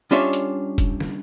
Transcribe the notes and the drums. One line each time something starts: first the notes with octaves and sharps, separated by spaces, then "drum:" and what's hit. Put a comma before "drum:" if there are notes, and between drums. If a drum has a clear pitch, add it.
G3 C#4 D4 F4 C#5 E5
drum: hi-hat
drum: kick F1, hi-hat
drum: snare